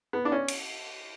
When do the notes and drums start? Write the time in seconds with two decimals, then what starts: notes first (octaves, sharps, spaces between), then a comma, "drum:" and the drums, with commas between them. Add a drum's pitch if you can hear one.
0.13 B3
0.25 D4
0.32 C#4
0.48 drum: cymbal